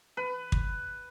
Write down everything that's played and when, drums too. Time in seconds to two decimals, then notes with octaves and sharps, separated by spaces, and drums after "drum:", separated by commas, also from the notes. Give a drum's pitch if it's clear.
0.17 B4
0.52 drum: kick